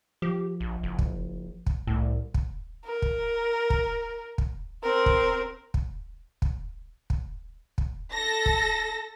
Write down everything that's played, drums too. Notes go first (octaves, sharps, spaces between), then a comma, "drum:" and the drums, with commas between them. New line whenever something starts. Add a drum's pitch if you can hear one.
F3 G4
A#1
F#1
drum: kick
drum: kick
C2 A2
drum: kick
A#4
drum: kick
drum: kick
drum: kick
C4 A#4
drum: kick
drum: kick
drum: kick
drum: kick
drum: kick
A4 A#6
drum: kick